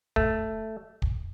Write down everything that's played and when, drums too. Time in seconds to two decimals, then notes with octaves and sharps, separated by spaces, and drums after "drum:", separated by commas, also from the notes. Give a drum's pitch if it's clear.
0.16 A3, drum: kick
1.02 drum: kick